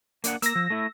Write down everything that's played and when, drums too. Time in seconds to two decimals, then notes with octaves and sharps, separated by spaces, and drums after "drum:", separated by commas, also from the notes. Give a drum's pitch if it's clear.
0.24 A#3 D4 F#5, drum: hi-hat
0.42 A#3 E6 A#6, drum: hi-hat
0.55 F3
0.70 A3 E4